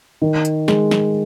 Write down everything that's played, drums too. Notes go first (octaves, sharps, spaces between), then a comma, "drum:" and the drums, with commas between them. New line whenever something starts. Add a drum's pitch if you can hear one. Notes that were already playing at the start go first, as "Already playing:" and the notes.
D#3
drum: hi-hat
G#3, drum: snare
drum: snare